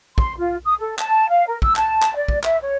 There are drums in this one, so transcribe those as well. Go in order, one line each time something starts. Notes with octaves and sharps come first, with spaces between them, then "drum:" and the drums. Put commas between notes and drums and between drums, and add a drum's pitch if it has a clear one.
C6, drum: kick
F4
D#6
A4
A5, drum: clap
F5
A#4
E6, drum: kick
A5, drum: clap
drum: clap
D5
drum: kick
E5, drum: clap
C#5